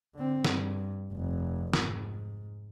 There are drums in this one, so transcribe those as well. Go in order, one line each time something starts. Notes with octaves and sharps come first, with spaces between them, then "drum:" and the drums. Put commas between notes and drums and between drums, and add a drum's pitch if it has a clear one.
D3 C4
G2, drum: snare
F1 F2
G#2, drum: snare